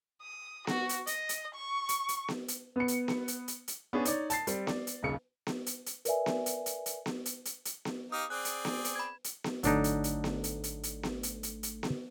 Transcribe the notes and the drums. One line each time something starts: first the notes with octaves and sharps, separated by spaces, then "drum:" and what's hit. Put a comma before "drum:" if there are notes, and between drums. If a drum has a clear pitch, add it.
D#6
F#4, drum: snare B3
drum: hi-hat
D#5, drum: hi-hat
drum: hi-hat
C#6
drum: hi-hat
drum: hi-hat
drum: snare B3
drum: hi-hat
B3 C#7
drum: hi-hat
drum: snare B3
drum: hi-hat
drum: hi-hat
drum: hi-hat
B3 C#4 D4 G#4
D#4 C#5 D5, drum: hi-hat
A5 A6 C7, drum: hi-hat
G3 C4, drum: hi-hat
D5, drum: snare B3
drum: hi-hat
D#1 B1 C#3 C#7
drum: snare B3
drum: hi-hat
drum: hi-hat
A#4 B4 D5 E5 G#5, drum: hi-hat
drum: snare B3
drum: hi-hat
drum: hi-hat
drum: hi-hat
drum: snare B3
drum: hi-hat
drum: hi-hat
drum: hi-hat
drum: snare B3
D#4 G4 F5 D#6
C4 G#4 D5 F#6
drum: hi-hat
drum: snare B3
drum: hi-hat
B5 G#6
drum: hi-hat
drum: snare B3
G#1 D3 F#3 A3 D4 D#4 A4, drum: hi-hat
drum: hi-hat
drum: hi-hat
drum: snare B3
drum: hi-hat
drum: hi-hat
drum: hi-hat
drum: snare B3
drum: hi-hat
drum: hi-hat
drum: hi-hat
drum: snare B3